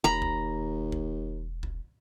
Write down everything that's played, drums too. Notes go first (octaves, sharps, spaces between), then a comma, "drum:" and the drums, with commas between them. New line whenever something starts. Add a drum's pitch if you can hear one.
E1 D#2 A#5 B5
drum: kick C2
drum: kick C2
drum: kick C2